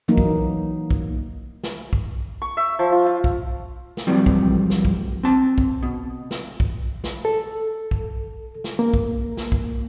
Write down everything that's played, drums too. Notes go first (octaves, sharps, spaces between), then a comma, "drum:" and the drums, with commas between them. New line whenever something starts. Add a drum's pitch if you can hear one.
E3 F#3 A#3 D#4
drum: kick
drum: kick
drum: snare
drum: kick
C#6
E5
F3
F4
F4
drum: kick
drum: snare
F2 A2 C3 E3 F#3 G3
drum: kick
drum: snare
drum: kick
C4 A5
drum: kick
B2
drum: snare
drum: kick
drum: snare
A4
drum: kick
drum: snare
A#3
drum: kick
drum: snare
drum: kick